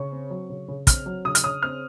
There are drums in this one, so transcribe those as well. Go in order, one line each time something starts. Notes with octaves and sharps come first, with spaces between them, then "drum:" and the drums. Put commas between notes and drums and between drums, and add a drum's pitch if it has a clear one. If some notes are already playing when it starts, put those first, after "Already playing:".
Already playing: C#3 C#6
C4
F#3
C#3
C#3
C4 F6, drum: kick, hi-hat
F#3
C#3 D#6
F6, drum: hi-hat
C#3 D#6
C4 F6